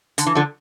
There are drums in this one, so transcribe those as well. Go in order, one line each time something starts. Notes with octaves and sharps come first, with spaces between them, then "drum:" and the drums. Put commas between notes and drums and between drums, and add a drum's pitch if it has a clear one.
D3, drum: hi-hat
E3
D3 F3